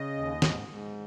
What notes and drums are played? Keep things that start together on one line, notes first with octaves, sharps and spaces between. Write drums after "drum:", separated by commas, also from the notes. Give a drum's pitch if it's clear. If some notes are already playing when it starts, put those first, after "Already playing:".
Already playing: C#3 D#5
D#2
G#2, drum: snare
G#2